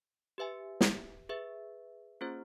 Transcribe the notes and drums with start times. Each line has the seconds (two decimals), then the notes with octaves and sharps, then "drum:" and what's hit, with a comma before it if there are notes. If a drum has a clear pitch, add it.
0.38 G4 B4 E5 G#5
0.81 drum: snare
1.29 G#4 B4 E5
2.21 A#3 C#4 F4 G#4 C5